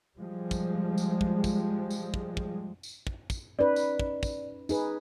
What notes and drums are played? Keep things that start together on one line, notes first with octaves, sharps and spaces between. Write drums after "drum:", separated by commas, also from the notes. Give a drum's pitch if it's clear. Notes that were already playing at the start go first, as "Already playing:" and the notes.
F3 G3 G#3
drum: kick, tambourine
drum: tambourine
drum: kick
drum: kick, tambourine
drum: tambourine
drum: kick
drum: kick
drum: tambourine
drum: kick
drum: kick, tambourine
C#4 D#4 B4 D5
drum: tambourine
drum: kick
drum: kick, tambourine
D#4 G#4 B4, drum: tambourine